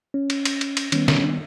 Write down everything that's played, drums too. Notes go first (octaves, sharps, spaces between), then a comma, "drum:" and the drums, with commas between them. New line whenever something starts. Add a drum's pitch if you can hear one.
C#4
drum: cymbal
drum: cymbal
drum: cymbal
drum: cymbal
D#3 G3 B3 C#4, drum: cymbal
C#4, drum: snare
D4